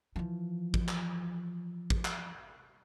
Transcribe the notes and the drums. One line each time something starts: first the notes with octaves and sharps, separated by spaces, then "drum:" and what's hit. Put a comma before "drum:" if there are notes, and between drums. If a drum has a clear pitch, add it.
E3 F3
drum: kick
drum: clap
drum: kick
drum: clap